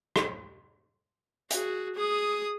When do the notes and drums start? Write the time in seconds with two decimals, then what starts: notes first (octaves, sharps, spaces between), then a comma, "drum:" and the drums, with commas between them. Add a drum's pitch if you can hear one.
0.16 drum: rim click
1.51 F#4 G#4, drum: hi-hat
1.95 G#4 D#6